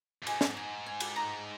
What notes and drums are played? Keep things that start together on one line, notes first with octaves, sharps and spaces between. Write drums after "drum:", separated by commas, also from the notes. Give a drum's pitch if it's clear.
F2
G#2 G#5, drum: cymbal
drum: snare
G#5
G#5
drum: cymbal
A#5